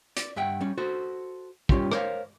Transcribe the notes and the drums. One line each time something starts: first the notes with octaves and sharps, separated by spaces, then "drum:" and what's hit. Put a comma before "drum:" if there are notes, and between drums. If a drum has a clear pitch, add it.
D5, drum: hi-hat
G2 E5 F#5 G5
G3 C#4
F#4 A4 C5
G3 C#4 F4 G4, drum: kick
A#4 C5 C#5 E5 F5, drum: rim click